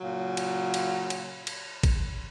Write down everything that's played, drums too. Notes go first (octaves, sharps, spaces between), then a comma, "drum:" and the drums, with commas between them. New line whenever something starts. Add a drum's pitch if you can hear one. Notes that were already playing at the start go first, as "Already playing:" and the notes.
A#2 C#3 F#3
drum: cymbal
drum: cymbal
drum: cymbal
drum: cymbal
drum: kick, cymbal